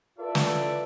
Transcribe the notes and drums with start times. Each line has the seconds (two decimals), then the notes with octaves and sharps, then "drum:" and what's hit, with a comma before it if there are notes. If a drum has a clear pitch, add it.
0.19 E4 F4 A4 B4 D5 E5
0.35 drum: snare